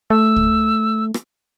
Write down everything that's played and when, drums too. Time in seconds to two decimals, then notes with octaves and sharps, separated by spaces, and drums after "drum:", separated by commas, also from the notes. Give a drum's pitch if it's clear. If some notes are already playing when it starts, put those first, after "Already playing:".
0.10 A3 E6
0.36 drum: kick
1.14 drum: rim click